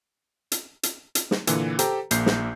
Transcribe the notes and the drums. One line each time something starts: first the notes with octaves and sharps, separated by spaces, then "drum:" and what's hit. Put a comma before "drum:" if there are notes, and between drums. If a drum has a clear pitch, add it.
drum: hi-hat
drum: hi-hat
drum: hi-hat
drum: snare
A#2 D3 E3, drum: hi-hat
G4 A4 C5 G5 A#5, drum: hi-hat
A#1 A#2 G6 C7, drum: hi-hat
drum: snare